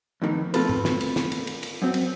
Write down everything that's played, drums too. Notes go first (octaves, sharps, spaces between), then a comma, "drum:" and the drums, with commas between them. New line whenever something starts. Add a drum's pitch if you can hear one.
F2 A2 D#3 E3
A3 C4 F4 A4 B4, drum: cymbal
drum: tom
drum: snare
drum: cymbal
drum: snare
drum: cymbal
drum: cymbal
drum: cymbal
F#2 C4
drum: cymbal